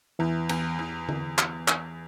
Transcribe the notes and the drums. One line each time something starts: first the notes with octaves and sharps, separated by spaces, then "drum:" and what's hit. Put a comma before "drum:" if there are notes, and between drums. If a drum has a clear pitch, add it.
E2 E3
E2, drum: cymbal
E2
drum: tom D3
drum: clap
drum: clap